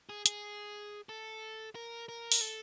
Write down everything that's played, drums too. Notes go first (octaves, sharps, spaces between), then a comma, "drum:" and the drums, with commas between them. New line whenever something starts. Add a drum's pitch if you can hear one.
G#4
G#4, drum: hi-hat
A4
A#4
A#4
drum: open hi-hat
A4